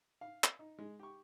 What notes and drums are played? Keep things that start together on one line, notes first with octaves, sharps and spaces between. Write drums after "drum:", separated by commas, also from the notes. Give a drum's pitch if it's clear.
F5
drum: clap
D#4
G#3
G4 C#6